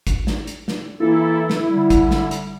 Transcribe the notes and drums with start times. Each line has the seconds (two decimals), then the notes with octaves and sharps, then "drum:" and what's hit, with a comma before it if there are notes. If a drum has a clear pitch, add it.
0.07 drum: kick A1, hi-hat
0.27 drum: snare
0.47 drum: hi-hat
0.68 drum: snare
1.00 E3 A#3 E4 A4
1.50 drum: snare
1.70 D3 G3
1.90 drum: kick A1, hi-hat
2.11 drum: snare
2.31 drum: hi-hat